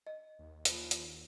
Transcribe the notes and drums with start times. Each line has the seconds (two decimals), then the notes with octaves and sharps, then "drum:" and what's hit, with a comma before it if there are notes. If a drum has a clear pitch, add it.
0.07 D#5
0.39 D#2
0.65 E3 F3 A#3, drum: hi-hat
0.91 drum: hi-hat